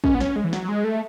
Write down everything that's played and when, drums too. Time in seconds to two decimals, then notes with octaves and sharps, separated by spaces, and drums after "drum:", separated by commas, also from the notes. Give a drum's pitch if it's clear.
0.04 C#4, drum: kick
0.15 B3
0.20 C#4, drum: snare
0.36 G#3
0.44 E3
0.53 F#3, drum: snare
0.69 G#3
0.84 A3